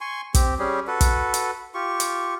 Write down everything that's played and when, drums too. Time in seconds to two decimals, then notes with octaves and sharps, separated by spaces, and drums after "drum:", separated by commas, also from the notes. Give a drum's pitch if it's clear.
0.01 G#5 C6 C#6
0.34 C4 G4, drum: kick, hi-hat
0.59 G3 C#4 G4 G#4
0.87 F#4 A4 B4
1.01 drum: kick, hi-hat
1.34 drum: hi-hat
1.74 F4 G4 C#6
2.00 drum: hi-hat